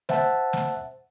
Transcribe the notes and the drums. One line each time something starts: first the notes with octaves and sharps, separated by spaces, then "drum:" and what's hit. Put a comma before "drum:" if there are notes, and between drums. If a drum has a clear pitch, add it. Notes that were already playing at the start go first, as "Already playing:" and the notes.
C5 E5 F#5 A5, drum: snare
drum: snare